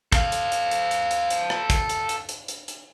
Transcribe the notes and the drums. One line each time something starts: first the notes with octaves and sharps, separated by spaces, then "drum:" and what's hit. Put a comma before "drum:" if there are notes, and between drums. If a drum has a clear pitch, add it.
A4 F5, drum: kick, hi-hat
drum: hi-hat
drum: hi-hat
drum: hi-hat
drum: hi-hat
drum: hi-hat
drum: hi-hat
drum: rim click
drum: kick, hi-hat
drum: hi-hat
drum: hi-hat
drum: hi-hat
drum: hi-hat
drum: hi-hat